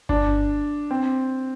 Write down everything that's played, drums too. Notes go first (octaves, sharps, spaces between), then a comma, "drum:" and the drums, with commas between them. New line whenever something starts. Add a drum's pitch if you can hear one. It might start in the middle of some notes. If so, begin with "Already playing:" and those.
D4, drum: kick G1
C4